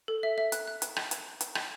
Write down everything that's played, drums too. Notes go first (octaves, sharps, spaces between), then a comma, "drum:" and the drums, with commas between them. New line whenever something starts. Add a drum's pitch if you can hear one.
A4
E5
E5
F#6, drum: hi-hat
F#6
drum: hi-hat
drum: rim click
drum: hi-hat
drum: hi-hat
drum: rim click